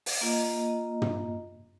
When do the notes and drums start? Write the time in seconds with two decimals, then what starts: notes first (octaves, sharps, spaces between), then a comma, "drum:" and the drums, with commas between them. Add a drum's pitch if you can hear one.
0.06 drum: open hi-hat
0.21 A#3 F4 D#5
1.02 drum: tom